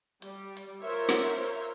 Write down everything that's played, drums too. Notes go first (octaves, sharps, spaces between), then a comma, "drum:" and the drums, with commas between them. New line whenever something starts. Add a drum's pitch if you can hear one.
G3, drum: hi-hat
drum: hi-hat
F4 A#4 C5 C#5 E5
drum: snare
drum: hi-hat
drum: hi-hat